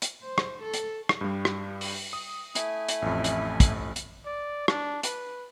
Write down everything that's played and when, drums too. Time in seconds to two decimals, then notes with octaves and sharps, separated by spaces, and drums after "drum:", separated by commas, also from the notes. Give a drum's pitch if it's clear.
0.02 drum: hi-hat
0.23 C5
0.38 drum: rim click
0.62 A4
0.74 drum: hi-hat
1.09 drum: rim click
1.21 G2 G3
1.45 drum: rim click
1.81 drum: open hi-hat
2.13 D#6
2.55 A3 E4 G#5, drum: hi-hat
2.88 drum: hi-hat
3.02 A1 F2
3.24 drum: hi-hat
3.60 drum: kick, hi-hat
3.96 drum: hi-hat
4.25 D5
4.68 D4, drum: rim click
5.03 B4, drum: hi-hat